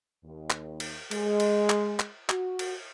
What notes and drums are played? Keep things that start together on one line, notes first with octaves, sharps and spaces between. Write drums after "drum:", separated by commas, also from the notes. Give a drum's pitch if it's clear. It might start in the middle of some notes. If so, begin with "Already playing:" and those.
D#2
drum: clap
drum: cymbal
G#3, drum: cymbal
drum: cymbal
drum: clap
drum: clap
F#4, drum: clap
drum: cymbal